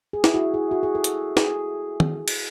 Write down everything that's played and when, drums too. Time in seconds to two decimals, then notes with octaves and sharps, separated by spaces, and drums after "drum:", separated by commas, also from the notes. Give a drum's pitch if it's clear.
0.13 G#4
0.24 E4, drum: snare
0.34 F#4
0.54 G#4
0.71 F#4
0.83 G#4
0.95 A4
1.04 drum: hi-hat
1.37 G#4, drum: snare
2.00 drum: tom D#3
2.28 drum: cymbal